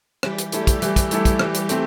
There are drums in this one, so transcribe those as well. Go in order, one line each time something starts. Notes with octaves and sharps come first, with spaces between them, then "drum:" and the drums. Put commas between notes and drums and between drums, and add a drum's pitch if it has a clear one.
E3 G3 G4, drum: rim click
drum: hi-hat
G3 A3 E4 G4 A4, drum: hi-hat
drum: kick, hi-hat
E3, drum: hi-hat
drum: kick, hi-hat
A3 E4 A4, drum: hi-hat
drum: kick, hi-hat
E3, drum: rim click
drum: hi-hat
A3 C4, drum: hi-hat